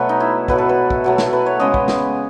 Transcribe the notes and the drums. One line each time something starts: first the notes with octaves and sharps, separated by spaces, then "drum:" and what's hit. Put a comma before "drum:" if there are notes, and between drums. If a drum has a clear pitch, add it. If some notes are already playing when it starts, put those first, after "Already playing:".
Already playing: B2 F#3 A3 B4
D#4
E4
B2 F#3 A3 B4, drum: kick
A4
B4
drum: kick
B2 F#3 A3
drum: snare
B4
C#5
C#3 G#3 B3 D#5
drum: kick
drum: snare